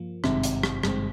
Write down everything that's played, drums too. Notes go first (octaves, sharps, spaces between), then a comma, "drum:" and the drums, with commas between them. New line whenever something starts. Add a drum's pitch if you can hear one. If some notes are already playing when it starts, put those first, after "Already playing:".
Already playing: G2 F3 A#3 F4
G#1 G2 C3 D#3 G#3 C4, drum: rim click
drum: hi-hat
drum: rim click
G#1 G2 D#3 G#3 C4, drum: rim click